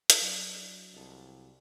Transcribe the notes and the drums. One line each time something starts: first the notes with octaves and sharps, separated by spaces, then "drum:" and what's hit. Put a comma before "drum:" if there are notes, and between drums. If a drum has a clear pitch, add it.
drum: hi-hat
F#3 D4 E4
C2 A4 D#5